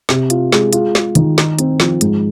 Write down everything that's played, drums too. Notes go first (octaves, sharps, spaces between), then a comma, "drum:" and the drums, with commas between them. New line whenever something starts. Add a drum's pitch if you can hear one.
C3, drum: snare
F4, drum: hi-hat
G#3, drum: snare
F4, drum: hi-hat
G#3, drum: snare
D#3, drum: hi-hat
D#4, drum: snare
C4, drum: hi-hat
F3, drum: snare
G#2, drum: hi-hat